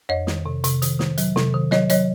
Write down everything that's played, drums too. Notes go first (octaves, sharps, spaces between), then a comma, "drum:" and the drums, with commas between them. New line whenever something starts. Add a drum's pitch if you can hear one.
F2 C#5 D#5
D#3, drum: snare
C3
C3, drum: hi-hat
D#3, drum: hi-hat
D#3, drum: snare
F#3, drum: hi-hat
C3, drum: snare
D#3
F#3 C#5 D#5, drum: snare
F#3 C#5 D#5, drum: hi-hat